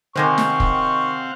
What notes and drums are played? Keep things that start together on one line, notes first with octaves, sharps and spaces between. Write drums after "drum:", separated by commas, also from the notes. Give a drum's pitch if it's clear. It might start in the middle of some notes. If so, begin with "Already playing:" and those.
C3 D#3 G#3 C4 C5 F5 F#5 C#6
drum: snare
drum: kick